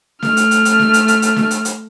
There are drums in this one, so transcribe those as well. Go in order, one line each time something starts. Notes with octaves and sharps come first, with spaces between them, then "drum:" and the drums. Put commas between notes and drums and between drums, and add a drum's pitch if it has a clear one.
A3 F6, drum: snare
drum: hi-hat
drum: hi-hat
drum: hi-hat
drum: snare
drum: hi-hat
drum: hi-hat
drum: hi-hat
drum: snare
drum: hi-hat
drum: hi-hat